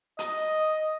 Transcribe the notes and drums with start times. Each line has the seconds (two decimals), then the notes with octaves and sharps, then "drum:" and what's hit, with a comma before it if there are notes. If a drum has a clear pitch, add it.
0.19 D#5, drum: hi-hat